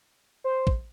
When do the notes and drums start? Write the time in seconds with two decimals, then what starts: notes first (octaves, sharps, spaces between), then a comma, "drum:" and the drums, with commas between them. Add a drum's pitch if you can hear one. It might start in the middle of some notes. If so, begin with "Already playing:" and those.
0.44 C5
0.67 drum: kick